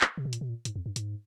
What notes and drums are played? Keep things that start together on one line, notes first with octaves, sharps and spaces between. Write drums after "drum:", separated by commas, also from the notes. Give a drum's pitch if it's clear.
drum: clap
C3
B2
A#2, drum: hi-hat
B2
A#2
G#2, drum: hi-hat
F2
G2
G#2, drum: hi-hat